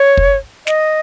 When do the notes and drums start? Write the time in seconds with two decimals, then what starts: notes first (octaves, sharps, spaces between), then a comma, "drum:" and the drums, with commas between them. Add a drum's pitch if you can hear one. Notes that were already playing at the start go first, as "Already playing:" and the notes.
Already playing: C#5
0.17 drum: kick
0.67 D#5, drum: snare